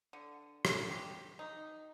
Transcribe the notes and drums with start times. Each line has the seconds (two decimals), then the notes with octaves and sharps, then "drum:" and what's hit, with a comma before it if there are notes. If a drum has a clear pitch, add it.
0.13 D3
0.65 drum: rim click
0.90 G4
1.39 D#4